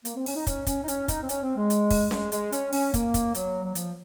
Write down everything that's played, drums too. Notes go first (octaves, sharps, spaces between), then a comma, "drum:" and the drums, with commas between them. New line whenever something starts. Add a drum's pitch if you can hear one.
A#3, drum: hi-hat
C4
C#4, drum: open hi-hat
D#4
C#4, drum: kick, hi-hat
C#4, drum: kick, hi-hat
D#4
C#4, drum: hi-hat
D#4, drum: kick, hi-hat
C4
C#4, drum: hi-hat
C4
G#3
drum: hi-hat
drum: kick, open hi-hat
G#3, drum: snare C#4
G#3, drum: hi-hat
C#4, drum: hi-hat
C#4, drum: open hi-hat
A#3, drum: kick, hi-hat
drum: kick, hi-hat
F#3, drum: hi-hat
F#3
F3, drum: hi-hat